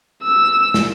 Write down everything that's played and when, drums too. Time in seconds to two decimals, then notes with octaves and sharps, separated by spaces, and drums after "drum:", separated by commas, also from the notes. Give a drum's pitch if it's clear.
0.24 E6
0.74 drum: snare